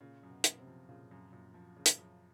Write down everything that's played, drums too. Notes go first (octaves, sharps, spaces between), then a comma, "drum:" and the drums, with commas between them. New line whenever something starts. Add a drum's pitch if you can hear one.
A#2 C#3
F#2
B2
F#2, drum: hi-hat
C3
F3
A#2 C#3
F#2
F#2 A#2
F3
C#3
drum: hi-hat
F#2